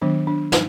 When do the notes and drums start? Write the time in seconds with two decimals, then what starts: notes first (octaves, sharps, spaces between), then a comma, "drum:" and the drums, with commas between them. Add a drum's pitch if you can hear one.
0.02 D#3 F#3 B3 D4
0.27 D4
0.52 D#4, drum: snare